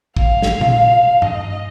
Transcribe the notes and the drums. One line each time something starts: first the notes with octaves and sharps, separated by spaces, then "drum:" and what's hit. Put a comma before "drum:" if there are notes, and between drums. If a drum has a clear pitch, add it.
F5, drum: kick
drum: snare
drum: tom
D#5, drum: tom G2